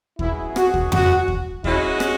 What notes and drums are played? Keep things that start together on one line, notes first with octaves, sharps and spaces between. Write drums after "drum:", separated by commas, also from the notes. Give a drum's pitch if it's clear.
B2 F#3 C#4 E4 G#4, drum: kick D#2
F#4, drum: rim click
drum: kick D#2
F#4, drum: tom F2
drum: kick D#2
G#3 C#4 E4 F#4, drum: kick D#2
drum: rim click